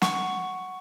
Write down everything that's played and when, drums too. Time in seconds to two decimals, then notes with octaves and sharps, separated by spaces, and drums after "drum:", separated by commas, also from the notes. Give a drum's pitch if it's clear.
0.02 F#5 C#6, drum: snare